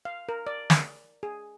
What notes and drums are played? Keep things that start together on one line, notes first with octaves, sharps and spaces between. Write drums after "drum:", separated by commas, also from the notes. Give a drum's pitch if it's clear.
F5
A#4
D5
drum: snare
G#4